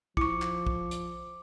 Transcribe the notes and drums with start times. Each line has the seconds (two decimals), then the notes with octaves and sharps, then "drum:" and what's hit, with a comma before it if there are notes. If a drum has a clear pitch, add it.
0.17 F3 E4 C#6 D6 C#7, drum: kick
0.42 drum: clap
0.67 drum: kick
0.91 drum: hi-hat